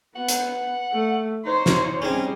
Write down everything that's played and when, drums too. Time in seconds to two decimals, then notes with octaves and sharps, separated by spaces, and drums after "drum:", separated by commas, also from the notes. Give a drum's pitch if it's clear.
0.16 B3 F#5
0.28 drum: hi-hat
0.92 A3
1.45 D#4 C5 C#5
1.66 drum: snare
2.02 G3 C4 C#4 D#4 G#4